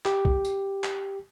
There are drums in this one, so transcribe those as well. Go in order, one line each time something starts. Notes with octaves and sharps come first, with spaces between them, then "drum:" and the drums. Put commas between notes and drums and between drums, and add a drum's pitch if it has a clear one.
G4, drum: clap
drum: kick
drum: tambourine
drum: clap